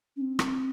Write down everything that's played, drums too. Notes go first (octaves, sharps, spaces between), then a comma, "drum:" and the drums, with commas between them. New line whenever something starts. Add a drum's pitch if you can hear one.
C#4
C4
drum: rim click